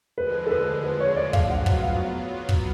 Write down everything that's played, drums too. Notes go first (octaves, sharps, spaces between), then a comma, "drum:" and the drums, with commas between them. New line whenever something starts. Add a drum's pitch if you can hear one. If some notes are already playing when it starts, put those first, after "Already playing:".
D3 F3 G#3 B4
A4
B4
B4
C#5
C#5
D5
F5, drum: kick
F#3 B3 F4 F#5
drum: kick
F5
drum: kick